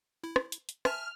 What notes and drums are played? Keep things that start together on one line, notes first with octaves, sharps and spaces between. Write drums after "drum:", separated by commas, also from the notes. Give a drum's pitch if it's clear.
E4
drum: rim click
drum: hi-hat
drum: hi-hat
E5 G#5 A5 F6, drum: rim click